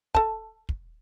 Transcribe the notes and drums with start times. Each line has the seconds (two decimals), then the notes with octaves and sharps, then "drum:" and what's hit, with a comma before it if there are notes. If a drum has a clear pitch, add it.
0.15 A4 A5, drum: kick
0.69 drum: kick